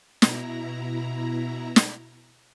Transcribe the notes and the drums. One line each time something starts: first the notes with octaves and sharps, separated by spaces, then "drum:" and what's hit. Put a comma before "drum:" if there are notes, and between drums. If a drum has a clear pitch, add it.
B2 E4 A#5, drum: snare
drum: snare